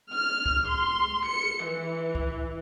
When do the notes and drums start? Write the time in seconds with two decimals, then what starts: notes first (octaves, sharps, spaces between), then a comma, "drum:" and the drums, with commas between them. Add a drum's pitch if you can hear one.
0.12 F6
0.46 drum: kick C#2
0.67 C6
1.26 C#7
1.64 E3
2.15 drum: kick C#2